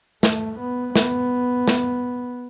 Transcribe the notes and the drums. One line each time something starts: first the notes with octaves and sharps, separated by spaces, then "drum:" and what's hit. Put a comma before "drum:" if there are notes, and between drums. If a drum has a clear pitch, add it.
A3, drum: snare
B3
B3, drum: snare
drum: snare